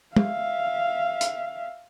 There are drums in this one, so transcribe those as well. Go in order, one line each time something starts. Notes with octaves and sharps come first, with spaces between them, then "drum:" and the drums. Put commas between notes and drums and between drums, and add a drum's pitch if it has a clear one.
E5 F5, drum: tom
drum: hi-hat